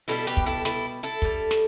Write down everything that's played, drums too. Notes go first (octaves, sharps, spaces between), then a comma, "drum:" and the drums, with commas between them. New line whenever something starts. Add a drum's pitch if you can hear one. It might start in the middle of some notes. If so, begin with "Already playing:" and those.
B2 G3 E4 A4
G4 B4
drum: kick
E4 A4
E4 A4, drum: snare
E4 A4
D3 G3, drum: kick
drum: snare